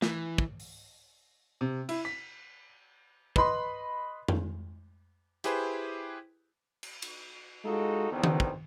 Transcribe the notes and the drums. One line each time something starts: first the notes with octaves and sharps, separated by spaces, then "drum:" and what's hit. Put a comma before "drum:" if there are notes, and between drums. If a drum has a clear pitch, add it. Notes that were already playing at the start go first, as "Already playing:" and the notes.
E3, drum: snare
drum: kick
drum: open hi-hat
C3
E4, drum: cymbal
B6
B4 D#5 B5 C6, drum: kick
drum: tom F2
E4 G4 G#4 B4 C5, drum: hi-hat
drum: cymbal
drum: cymbal
G#3 D#4 F4 F#4 A4
E2 B2 D3 D#3 B3 C4
drum: tom D#3
drum: kick